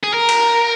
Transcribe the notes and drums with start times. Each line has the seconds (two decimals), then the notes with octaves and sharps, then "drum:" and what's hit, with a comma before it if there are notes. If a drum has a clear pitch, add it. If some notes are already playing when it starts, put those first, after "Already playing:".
0.03 G#4
0.13 A#4
0.29 drum: cymbal